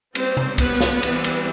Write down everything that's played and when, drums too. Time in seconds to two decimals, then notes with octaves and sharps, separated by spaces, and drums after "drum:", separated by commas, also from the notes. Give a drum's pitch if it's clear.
0.15 G3 A#3 C4 C#4 C5, drum: cymbal
0.37 drum: tom C3
0.58 B3 B4, drum: kick C2, cymbal
0.81 drum: snare
1.03 E3 G3 C4, drum: cymbal
1.24 drum: cymbal